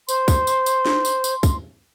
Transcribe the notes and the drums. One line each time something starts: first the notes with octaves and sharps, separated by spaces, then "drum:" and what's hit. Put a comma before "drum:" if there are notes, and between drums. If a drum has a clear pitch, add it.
C5 C6, drum: tambourine
drum: kick, tambourine
drum: tambourine
drum: tambourine
drum: snare
drum: tambourine
drum: tambourine
drum: kick, tambourine